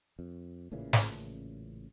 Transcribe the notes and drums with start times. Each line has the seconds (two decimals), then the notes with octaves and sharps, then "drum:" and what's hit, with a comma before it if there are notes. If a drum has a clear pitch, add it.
0.19 F2
0.72 A1 A#2 C#3 E3
0.93 drum: snare